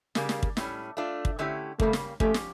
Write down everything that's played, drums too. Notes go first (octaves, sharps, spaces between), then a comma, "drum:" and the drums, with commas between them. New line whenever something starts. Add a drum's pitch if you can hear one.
C#3 G3 A#3, drum: snare
drum: snare
drum: kick
A2 G3 C#4, drum: snare
A3 D4 F4
drum: kick
D3 A3 C#4 E4 G4
C#3 G3 A3 A#3, drum: kick
drum: snare
F3 A3 C#4 G4, drum: kick
drum: snare